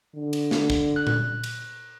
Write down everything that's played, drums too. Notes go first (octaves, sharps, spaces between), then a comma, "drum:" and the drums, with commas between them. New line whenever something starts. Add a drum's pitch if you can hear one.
D3
drum: cymbal
drum: snare
drum: kick
F#6
drum: tom A#2
drum: cymbal